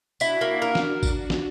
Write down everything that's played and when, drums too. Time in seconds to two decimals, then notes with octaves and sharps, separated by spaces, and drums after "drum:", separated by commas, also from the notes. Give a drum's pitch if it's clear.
0.20 D4 E4 F#4, drum: tambourine
0.41 A#3
0.62 A#4
0.75 drum: snare
1.03 drum: kick A1, tambourine
1.30 drum: snare